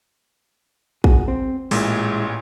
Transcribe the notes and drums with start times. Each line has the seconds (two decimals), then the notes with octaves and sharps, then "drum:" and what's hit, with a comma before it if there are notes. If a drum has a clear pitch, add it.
1.04 F#4 G#4, drum: kick
1.28 C4
1.71 A1 A#2 G#3 E4, drum: open hi-hat